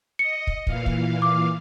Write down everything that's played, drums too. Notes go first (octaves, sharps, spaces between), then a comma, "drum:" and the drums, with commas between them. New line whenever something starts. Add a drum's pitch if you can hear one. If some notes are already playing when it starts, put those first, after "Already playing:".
D#5 C#7
drum: kick
A#2 E3 F5, drum: kick
drum: kick
D6